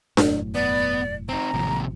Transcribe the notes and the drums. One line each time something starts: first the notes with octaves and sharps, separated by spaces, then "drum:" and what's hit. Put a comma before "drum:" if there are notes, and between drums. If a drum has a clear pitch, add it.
E1 F#2 A2, drum: snare D4
B3 D5
C4 D#4 A#5
A1 D#2 C3 F3